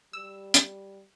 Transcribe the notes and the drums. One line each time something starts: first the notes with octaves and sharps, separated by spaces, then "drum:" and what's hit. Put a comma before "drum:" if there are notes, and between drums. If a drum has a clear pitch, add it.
G3 E6
drum: hi-hat